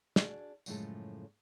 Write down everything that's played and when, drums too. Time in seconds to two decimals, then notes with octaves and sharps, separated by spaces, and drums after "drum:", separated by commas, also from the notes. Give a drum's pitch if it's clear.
0.16 D4 F#4 G#4 D5, drum: snare
0.66 F#2 A2 C#3 F3 G#3 A4, drum: tambourine